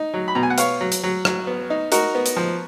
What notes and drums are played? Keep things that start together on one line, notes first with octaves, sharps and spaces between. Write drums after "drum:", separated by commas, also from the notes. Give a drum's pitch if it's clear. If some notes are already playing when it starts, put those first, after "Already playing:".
Already playing: D#4
F#3
B5
B2 A#5
G#5
F#5
B3 C#5 F5, drum: hi-hat
F#3
drum: hi-hat
F#3
F#3, drum: rim click
B3
D#4
D#4 F#4 A#4, drum: hi-hat
B3
drum: hi-hat
F3